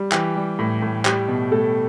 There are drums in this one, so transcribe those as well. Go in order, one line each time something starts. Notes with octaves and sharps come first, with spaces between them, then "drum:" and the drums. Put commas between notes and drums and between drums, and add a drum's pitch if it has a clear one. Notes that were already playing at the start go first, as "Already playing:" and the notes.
Already playing: G3
E3 G4, drum: clap
G3
A2
A2
G3 G4, drum: clap
B2
B2 A3 A4